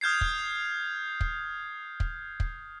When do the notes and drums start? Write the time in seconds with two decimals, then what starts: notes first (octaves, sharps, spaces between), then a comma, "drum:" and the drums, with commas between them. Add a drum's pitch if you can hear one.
0.01 D#6 F6 G6 G#6 C7
0.21 drum: kick
1.21 drum: kick
2.00 drum: kick
2.40 drum: kick